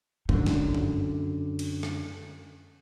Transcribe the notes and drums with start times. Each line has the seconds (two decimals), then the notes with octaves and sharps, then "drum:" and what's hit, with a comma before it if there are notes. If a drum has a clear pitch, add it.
0.29 F#2 D3 D#4, drum: kick A#1
0.46 drum: snare
0.75 drum: tom G2
1.59 drum: cymbal
1.83 drum: rim click